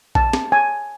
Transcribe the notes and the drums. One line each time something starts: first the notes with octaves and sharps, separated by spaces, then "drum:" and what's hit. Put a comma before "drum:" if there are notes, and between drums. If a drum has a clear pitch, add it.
A5, drum: kick A#1
drum: snare
G#5